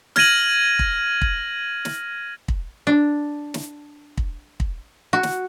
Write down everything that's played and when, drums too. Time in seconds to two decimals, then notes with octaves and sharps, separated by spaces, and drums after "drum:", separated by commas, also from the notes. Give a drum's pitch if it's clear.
0.16 F6 G#6 A#6 D#7 F#7, drum: snare
0.79 drum: kick
1.22 drum: kick
1.85 drum: snare
2.48 drum: kick
2.87 D4
3.54 drum: snare
4.18 drum: kick
4.60 drum: kick
5.13 F#4
5.23 drum: snare